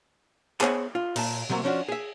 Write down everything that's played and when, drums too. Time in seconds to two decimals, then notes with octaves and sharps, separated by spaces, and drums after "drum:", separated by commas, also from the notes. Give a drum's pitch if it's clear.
0.61 B3 G#4 C5 C#5 G#5 A5, drum: clap
0.95 F4
1.16 A#2 A5, drum: cymbal
1.50 C3 F#3 A3 A#3
1.64 F3 C#4 D4 F#4
1.88 G#4 E5